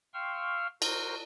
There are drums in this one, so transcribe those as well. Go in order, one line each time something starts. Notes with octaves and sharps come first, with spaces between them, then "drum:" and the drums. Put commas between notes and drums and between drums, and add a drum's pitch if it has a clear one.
F5 G5 C6 C#6 E6 F6
F#4 A#4 C5, drum: cymbal